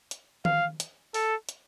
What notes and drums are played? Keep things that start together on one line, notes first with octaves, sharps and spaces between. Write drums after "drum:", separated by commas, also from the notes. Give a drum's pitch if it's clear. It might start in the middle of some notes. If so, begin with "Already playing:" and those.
drum: hi-hat
F5, drum: tom D#3
drum: hi-hat
A4, drum: open hi-hat
drum: hi-hat